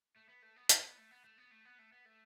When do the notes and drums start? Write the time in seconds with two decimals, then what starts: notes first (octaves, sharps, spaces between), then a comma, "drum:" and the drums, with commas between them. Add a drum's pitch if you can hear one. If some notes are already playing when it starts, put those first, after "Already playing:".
0.16 A3
0.29 B3
0.42 A3
0.56 B3
0.69 A3, drum: hi-hat
0.83 B3
0.98 A3
1.11 B3
1.24 A3
1.38 B3
1.51 A3
1.65 B3
1.79 A3
1.92 B3
2.05 A3